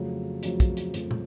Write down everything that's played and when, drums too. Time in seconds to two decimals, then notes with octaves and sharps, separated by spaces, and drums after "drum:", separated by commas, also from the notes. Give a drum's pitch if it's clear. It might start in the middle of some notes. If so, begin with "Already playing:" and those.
Already playing: F2 C#3 F#3 A3
0.43 F2 C#3 F#3 A3, drum: hi-hat
0.60 drum: kick, hi-hat
0.77 drum: hi-hat
0.94 F2 C#3 F#3 A3, drum: hi-hat
1.11 drum: tom